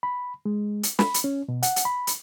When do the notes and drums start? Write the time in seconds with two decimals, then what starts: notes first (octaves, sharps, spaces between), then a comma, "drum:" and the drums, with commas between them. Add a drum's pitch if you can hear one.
0.03 B5
0.46 G#3
0.83 drum: hi-hat
0.99 B5, drum: snare
1.14 drum: hi-hat
1.24 C#4
1.49 B2
1.63 F#5, drum: hi-hat
1.76 drum: hi-hat
1.85 B5
2.07 drum: hi-hat